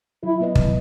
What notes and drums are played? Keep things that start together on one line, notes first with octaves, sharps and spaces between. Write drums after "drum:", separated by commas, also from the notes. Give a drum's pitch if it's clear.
F#3 E4
B3 E4 B4 D#5
F#3, drum: kick